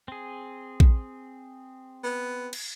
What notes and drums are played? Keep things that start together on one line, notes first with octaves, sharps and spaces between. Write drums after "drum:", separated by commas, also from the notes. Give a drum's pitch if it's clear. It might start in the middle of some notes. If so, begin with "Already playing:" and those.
C4 G#4
drum: kick A#1
B3
drum: cymbal